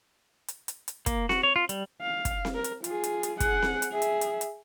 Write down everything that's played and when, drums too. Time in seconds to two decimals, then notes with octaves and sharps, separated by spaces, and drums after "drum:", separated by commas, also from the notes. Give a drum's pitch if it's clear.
0.48 drum: hi-hat
0.68 drum: hi-hat
0.88 drum: hi-hat
1.06 A#3, drum: kick, hi-hat
1.29 F#4, drum: snare C4
1.43 C#5
1.56 F4
1.69 G3, drum: hi-hat
2.02 F5
2.25 drum: kick, hi-hat
2.45 drum: snare C4
2.55 A#4
2.64 drum: hi-hat
2.84 F4 G#4, drum: hi-hat
3.04 drum: hi-hat
3.23 drum: hi-hat
3.40 G#4 F#5, drum: kick, hi-hat
3.62 drum: snare C4
3.82 drum: hi-hat
3.92 G#4 E5
4.02 drum: hi-hat
4.21 drum: hi-hat
4.41 drum: hi-hat